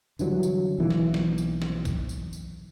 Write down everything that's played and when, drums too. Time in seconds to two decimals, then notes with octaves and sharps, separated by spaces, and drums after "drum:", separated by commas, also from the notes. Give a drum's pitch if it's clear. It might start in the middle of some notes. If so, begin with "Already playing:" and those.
0.19 D3 E3 F#3 G3, drum: tambourine
0.43 drum: tambourine
0.78 B1 E3 A#3
0.90 drum: snare
1.14 drum: snare
1.38 drum: tambourine
1.62 drum: snare
1.85 drum: kick, tambourine
2.09 drum: tambourine
2.33 drum: tambourine